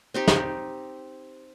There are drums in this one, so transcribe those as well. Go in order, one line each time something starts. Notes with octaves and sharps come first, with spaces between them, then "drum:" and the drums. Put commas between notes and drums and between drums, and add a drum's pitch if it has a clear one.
C4 D#4 G4
drum: snare